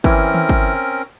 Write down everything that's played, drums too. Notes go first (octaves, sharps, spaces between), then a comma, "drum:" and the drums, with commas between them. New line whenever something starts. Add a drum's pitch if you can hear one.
E3 C4 C#4 A#4, drum: kick
drum: tom D#3
drum: kick